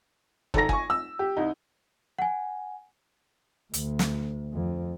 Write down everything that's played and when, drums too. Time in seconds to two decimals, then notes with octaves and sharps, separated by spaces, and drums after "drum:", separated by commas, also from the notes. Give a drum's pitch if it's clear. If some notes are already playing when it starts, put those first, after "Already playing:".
0.54 G#1 A4 A#5 A#6, drum: kick
0.69 G#5 C#6, drum: kick
0.90 E6
1.19 G4
1.37 C2 D#4
2.19 F#5 G#5
3.74 D2, drum: hi-hat
3.99 drum: snare
4.53 F2